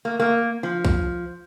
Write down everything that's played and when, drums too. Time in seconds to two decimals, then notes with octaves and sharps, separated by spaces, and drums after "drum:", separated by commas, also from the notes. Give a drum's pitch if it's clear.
0.05 A#3
0.20 A#3
0.63 F3
0.85 drum: kick B1